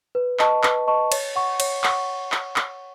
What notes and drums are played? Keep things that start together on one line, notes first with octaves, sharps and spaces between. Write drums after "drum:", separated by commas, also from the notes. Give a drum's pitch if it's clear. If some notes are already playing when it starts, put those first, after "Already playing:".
B4
D#5 A5 C#6, drum: clap
B4, drum: clap
D#5 A5 C#6
C#5, drum: cymbal
F#5 C#6
C#5, drum: cymbal
F#5 C#6, drum: clap
drum: clap
drum: clap